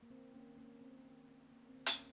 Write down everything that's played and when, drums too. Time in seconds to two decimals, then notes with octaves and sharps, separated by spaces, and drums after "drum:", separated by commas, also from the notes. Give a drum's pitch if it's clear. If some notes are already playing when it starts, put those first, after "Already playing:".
0.03 A#3
0.10 D#3 C4
0.34 D#3 A#3 C#4
0.57 G#3 A#3 C#4
0.81 D#3 C4
1.04 D#3
1.28 G#3
1.51 D#3 A#3
1.69 C4
1.75 D#3
1.86 A#3 C#4, drum: hi-hat